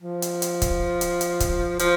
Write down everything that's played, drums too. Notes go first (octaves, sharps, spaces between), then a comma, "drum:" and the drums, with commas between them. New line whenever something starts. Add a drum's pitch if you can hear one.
F3
drum: hi-hat
drum: hi-hat
drum: kick C#1, hi-hat
drum: hi-hat
drum: hi-hat
drum: kick C#1, hi-hat
F3, drum: hi-hat